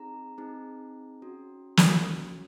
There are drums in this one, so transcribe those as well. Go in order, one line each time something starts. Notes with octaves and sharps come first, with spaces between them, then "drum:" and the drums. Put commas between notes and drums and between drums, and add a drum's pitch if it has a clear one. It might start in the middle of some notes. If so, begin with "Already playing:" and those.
Already playing: C4 D#4 G#4 A#5
C4 D#4 G#4
C#4 F#4
drum: snare
C#4 F#4